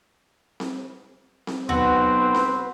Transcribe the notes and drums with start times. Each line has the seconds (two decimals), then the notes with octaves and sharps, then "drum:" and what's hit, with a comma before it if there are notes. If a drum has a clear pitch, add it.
0.60 drum: snare C4
1.47 drum: snare C4
1.69 B1 C4 F#4 B4, drum: tom D2
2.35 drum: snare C4